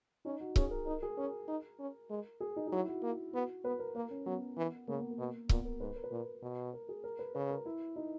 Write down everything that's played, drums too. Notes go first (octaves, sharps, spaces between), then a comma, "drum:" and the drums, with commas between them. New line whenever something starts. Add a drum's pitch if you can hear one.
C#4 D#4
F#4
C#4 G#4, drum: kick C#1
A#4
D#4 A#4
G#4
C#4 A#4
D#4
C#4
G#3
G#4
D#4
D#4
F#3 E4
F#4
A#3
B3 F#4
B3 B4
A#4
A#3 A#4
C#4
F#3 B3
E3
C#3 A#3
B3
A#3
B2
A#2 B3, drum: kick C#1
A#4
G#2 B4
A#4
B4
A#2 A#4
B2
A#4
G#4
A#4
B4
C#3 B4
A#4
E4
D#4